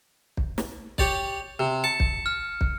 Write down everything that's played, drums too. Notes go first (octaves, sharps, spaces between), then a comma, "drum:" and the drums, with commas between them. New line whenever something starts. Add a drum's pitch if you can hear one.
drum: kick
drum: snare
G4 C#5 D5, drum: kick
C3
A5 C#7
drum: kick
F6
drum: kick